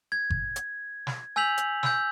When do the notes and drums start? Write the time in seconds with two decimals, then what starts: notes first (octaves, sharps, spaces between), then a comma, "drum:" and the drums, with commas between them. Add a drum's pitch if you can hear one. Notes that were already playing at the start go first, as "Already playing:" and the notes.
0.12 G#6
0.30 drum: kick G1
0.56 drum: hi-hat
1.07 drum: snare
1.36 G#5 E6 G6 B6 F7 F#7
1.58 drum: hi-hat
1.83 E6 G6, drum: snare